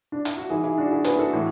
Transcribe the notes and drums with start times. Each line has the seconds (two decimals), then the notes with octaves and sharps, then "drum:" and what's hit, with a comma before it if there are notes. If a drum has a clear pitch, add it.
0.12 D4
0.25 E4, drum: hi-hat
0.37 F#4
0.50 G#2 E3 E4 G#4
0.63 E4 G#4
0.78 D4 F#4
0.92 E4 G#4
1.04 G#4 B4, drum: hi-hat
1.19 F#4 A4
1.33 A2 E3